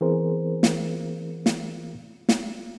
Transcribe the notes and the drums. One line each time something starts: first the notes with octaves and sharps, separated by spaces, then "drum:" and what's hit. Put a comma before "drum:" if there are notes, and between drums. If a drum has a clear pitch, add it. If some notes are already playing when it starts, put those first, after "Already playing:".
E3 B3 C4 G#4 A#4 C5
drum: snare
drum: snare
drum: snare